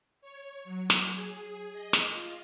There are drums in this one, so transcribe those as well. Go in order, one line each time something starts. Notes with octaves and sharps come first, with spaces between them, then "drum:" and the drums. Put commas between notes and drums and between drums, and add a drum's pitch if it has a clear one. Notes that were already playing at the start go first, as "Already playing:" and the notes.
C#5
F#3
drum: snare
G#4
D#5
drum: snare
F4